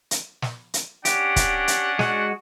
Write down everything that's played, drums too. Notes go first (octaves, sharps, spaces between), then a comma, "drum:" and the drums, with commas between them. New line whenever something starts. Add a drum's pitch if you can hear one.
drum: hi-hat
drum: snare
drum: hi-hat
C#4 D4 G4 F#5, drum: hi-hat
drum: kick, hi-hat
drum: hi-hat
G#3 F#4, drum: snare